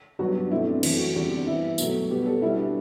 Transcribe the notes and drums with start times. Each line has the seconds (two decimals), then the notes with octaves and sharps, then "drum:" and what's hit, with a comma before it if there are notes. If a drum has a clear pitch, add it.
0.19 G2 F#3 B3 F#4
0.35 D4
0.51 B2 A3 C4 E4
0.67 D4
0.83 F#2 E3 A3, drum: cymbal
0.98 F#4
1.15 E2 D3 G3 C4 F#4
1.31 D4
1.46 G2 E3 B3 E4
1.78 B2 F#3 A3, drum: tambourine
2.10 B2 G3 B3 G4
2.26 A4
2.42 B2 G3 B3 E4
2.57 D4